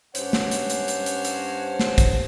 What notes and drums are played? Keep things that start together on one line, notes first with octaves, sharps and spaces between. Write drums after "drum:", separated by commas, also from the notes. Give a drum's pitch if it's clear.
G2 C#4 C5 C#5 F#5, drum: hi-hat
drum: snare
drum: hi-hat
drum: hi-hat
drum: hi-hat
drum: hi-hat
drum: hi-hat
drum: snare
drum: kick, hi-hat